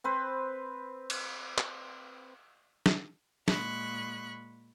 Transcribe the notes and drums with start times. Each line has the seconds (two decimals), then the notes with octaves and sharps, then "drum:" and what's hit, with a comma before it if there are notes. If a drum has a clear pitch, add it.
0.04 C4 B4 C5
1.10 drum: cymbal
1.58 drum: clap
2.86 drum: snare
3.48 A#2 G#3 B5 C#6 F#6, drum: snare